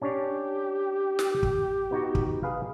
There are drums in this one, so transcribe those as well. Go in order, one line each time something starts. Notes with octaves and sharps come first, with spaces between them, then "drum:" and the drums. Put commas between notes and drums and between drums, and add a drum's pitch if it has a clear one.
C#4 D4 G4 C#5
drum: snare
drum: kick
B3 D#4 F#4
drum: kick
G#4 B4 F5